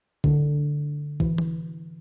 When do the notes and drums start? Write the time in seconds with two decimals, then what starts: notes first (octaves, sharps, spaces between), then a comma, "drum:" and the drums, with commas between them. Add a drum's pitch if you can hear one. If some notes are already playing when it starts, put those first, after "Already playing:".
0.24 D3, drum: kick
1.20 E3, drum: kick
1.38 drum: tom